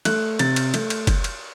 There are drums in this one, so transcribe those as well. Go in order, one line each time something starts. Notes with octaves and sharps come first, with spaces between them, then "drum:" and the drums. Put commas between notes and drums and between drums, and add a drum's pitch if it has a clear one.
A3 F#6, drum: cymbal
C3 A6, drum: cymbal
drum: cymbal
A3, drum: cymbal
drum: cymbal
drum: kick, cymbal
drum: cymbal